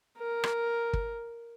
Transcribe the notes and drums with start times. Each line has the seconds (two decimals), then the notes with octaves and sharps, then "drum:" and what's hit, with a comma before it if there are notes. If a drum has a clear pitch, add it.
0.19 A#4
0.44 drum: rim click
0.93 drum: kick